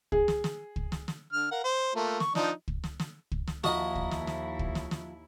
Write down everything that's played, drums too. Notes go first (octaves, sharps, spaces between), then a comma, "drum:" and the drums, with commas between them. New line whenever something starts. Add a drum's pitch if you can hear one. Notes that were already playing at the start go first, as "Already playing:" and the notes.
G#4, drum: kick
drum: snare
drum: snare
drum: kick
drum: snare
drum: snare
D3 F6
A#4 F5 F#5
C5
A3 A#3 F4
C#6, drum: snare
F3 D4 D#4, drum: snare
drum: kick
drum: snare
drum: snare
drum: kick
drum: snare
D#2 F3 E4 F#4 D#5 A#5, drum: snare
drum: kick
drum: snare
drum: snare
drum: kick
drum: snare
drum: snare